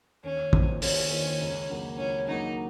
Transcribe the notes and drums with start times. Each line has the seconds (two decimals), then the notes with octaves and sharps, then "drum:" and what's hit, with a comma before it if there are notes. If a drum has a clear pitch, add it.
0.24 D#2 C#4
0.53 D#3 A#3 F4 C5, drum: kick
0.82 D#2 C#4, drum: open hi-hat
1.11 D#3 A#3 F4 C5
1.41 C#2
1.69 C#3 F#3 A#3
1.98 C#2 C#4
2.28 C#3 F#3 A#3 D#4